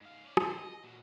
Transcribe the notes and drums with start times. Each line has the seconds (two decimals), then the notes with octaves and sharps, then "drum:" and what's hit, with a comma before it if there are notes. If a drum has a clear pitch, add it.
0.02 G#2 F5
0.25 C#4 D5
0.37 C5, drum: rim click
0.58 D#5
0.84 A#2 F#3